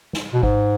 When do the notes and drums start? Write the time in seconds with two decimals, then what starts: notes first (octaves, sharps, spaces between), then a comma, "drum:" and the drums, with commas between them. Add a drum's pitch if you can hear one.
0.13 drum: snare
0.34 B2
0.43 G#2, drum: kick G#1